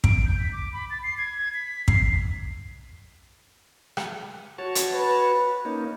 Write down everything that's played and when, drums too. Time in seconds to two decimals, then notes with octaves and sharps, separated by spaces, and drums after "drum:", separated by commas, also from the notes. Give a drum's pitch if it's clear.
0.04 D7, drum: kick
0.25 G6
0.39 B6
0.52 D6
0.73 B5
0.90 A6
1.03 C7
1.18 G#6
1.38 G#6
1.54 B6
1.88 C7, drum: kick
3.97 drum: rim click
4.58 F#4 C#5 A5
4.75 drum: hi-hat
4.94 B4
5.65 A#3 C#4 D#4